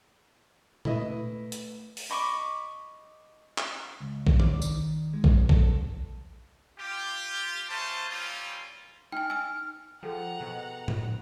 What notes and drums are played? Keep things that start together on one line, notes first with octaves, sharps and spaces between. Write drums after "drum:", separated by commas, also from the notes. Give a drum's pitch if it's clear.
A3 E4 B4 D#5, drum: tom A#2
drum: hi-hat
drum: open hi-hat
D#5 B5 C#6 D6
drum: clap
C#2
drum: kick A#1
D5, drum: tom D#3
D#3, drum: tambourine
G#3
drum: kick A#1
A4, drum: kick A#1
F4 G4
A3 C#4 F4 G#4 C5 A5
G3 A#3 C4 C#4 F4
D#4 G5 G#5 F6
G#5 E6
F3 G#4 A4 F#5 G5 A#5
B2
drum: tom A2